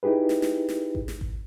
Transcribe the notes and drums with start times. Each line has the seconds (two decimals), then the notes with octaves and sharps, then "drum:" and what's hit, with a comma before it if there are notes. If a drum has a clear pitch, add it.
0.03 D#4 E4 G4 G#4 B4
0.29 drum: snare
0.42 drum: snare
0.69 drum: snare
0.95 drum: kick G#1
1.08 drum: snare
1.21 drum: kick G#1